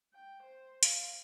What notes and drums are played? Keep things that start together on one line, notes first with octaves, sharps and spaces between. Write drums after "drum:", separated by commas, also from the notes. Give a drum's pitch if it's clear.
G5
C5
F5, drum: hi-hat